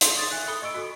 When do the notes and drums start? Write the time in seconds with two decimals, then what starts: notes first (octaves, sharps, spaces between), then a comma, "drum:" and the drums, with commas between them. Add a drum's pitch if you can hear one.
0.01 C6, drum: hi-hat
0.15 C#6 D#6 A6
0.31 E5 G#5 F#6
0.48 A4 B5 D#6 C#7 G7
0.62 D#5 C#6 E6 D7
0.74 F#4 A4 C#6